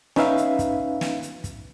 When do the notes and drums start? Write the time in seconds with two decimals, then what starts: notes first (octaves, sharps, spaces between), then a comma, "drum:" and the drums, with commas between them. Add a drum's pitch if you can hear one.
0.16 C#4 D#4 B4 E5 F5, drum: snare
0.38 drum: hi-hat
0.59 drum: kick, hi-hat
1.01 drum: snare
1.23 drum: hi-hat
1.44 drum: kick, hi-hat